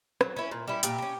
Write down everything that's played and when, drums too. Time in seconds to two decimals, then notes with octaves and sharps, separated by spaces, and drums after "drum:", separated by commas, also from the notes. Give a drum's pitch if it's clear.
0.21 F#3, drum: rim click
0.36 C#4 E4
0.51 A#2
0.68 G3 C#4 E4
0.83 A#2 G4, drum: hi-hat
0.98 A#3
1.02 C#4